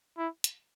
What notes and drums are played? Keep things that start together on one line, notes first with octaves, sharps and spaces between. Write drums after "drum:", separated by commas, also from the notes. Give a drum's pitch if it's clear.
E4
drum: hi-hat